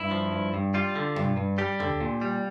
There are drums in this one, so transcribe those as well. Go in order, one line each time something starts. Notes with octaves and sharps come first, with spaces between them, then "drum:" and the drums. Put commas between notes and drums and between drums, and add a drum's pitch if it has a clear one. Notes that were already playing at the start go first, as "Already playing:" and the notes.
Already playing: G2 E4
F3
G2
G2
G3 F4
D3
G2, drum: tom B2
G2
G3 G4
D3, drum: tom D2
A#2
G3